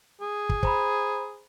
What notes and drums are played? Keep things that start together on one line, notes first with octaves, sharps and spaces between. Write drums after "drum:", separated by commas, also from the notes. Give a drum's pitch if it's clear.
G#4
drum: kick
C5 A#5 B5, drum: kick